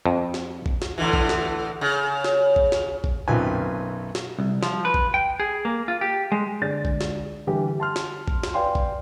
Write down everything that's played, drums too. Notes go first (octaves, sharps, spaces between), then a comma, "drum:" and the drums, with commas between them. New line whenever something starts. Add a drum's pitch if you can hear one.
F2
drum: snare
drum: kick A1
drum: snare
A2 D3 E3
drum: kick A1
drum: snare
C#3
drum: snare
drum: kick A1
drum: snare
drum: kick A1
B1 F#2 C4 F4 B4 G#5
drum: snare
C2
F3, drum: snare
B4
drum: kick A1
G5
G#4
A#3
F4
G4
G#3
D3 G#3 D5 A6
drum: kick A1
drum: snare
D3 E3 G3 G4
A5 C6 F6
drum: snare
drum: kick A1
drum: snare
B4 D5 F5 G5 G#5 C6
drum: kick A1